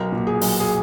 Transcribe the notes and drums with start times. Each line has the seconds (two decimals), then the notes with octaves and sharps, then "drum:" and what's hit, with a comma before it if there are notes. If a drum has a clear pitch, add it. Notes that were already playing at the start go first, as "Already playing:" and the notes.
Already playing: B1 A#4
0.12 A#2
0.27 G#4
0.41 B1, drum: open hi-hat
0.60 G#4